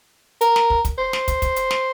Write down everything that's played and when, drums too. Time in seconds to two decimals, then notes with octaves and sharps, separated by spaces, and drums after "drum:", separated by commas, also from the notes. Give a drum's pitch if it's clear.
0.41 A#4, drum: hi-hat
0.56 drum: snare
0.70 drum: kick
0.85 drum: kick, hi-hat
0.98 C5
1.13 drum: snare
1.28 drum: kick, hi-hat
1.42 drum: kick, hi-hat
1.56 drum: hi-hat
1.71 drum: snare